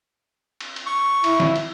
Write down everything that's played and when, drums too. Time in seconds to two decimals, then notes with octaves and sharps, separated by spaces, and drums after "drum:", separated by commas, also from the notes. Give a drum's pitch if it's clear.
0.61 drum: cymbal
0.76 drum: cymbal
0.86 C#6
1.24 E4, drum: cymbal
1.40 drum: snare
1.56 drum: cymbal